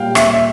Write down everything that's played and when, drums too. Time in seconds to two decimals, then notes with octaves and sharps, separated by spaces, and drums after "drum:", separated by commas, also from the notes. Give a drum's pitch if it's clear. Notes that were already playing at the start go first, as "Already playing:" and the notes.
Already playing: A#2 G3 F5 G5
0.15 E5, drum: rim click
0.30 E5